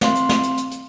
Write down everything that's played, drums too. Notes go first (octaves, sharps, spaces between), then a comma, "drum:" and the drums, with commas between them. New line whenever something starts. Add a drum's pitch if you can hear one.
C4 F5 C6, drum: snare
drum: hi-hat
drum: snare
drum: hi-hat
drum: hi-hat
drum: hi-hat